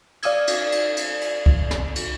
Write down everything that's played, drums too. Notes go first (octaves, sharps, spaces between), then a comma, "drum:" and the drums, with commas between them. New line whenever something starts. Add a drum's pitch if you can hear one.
D5 F5 D#6 E6 G#6, drum: cymbal
drum: cymbal
drum: cymbal
drum: cymbal
drum: cymbal
drum: kick B1
drum: snare
drum: cymbal